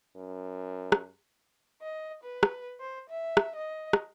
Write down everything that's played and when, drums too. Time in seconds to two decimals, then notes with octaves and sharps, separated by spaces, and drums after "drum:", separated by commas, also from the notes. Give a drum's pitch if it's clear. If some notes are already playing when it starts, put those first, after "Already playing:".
0.16 F#2
0.92 drum: rim click
1.82 D#5
2.23 B4
2.43 drum: rim click
2.80 C5
3.10 E5
3.37 drum: rim click
3.55 D#5
3.93 drum: rim click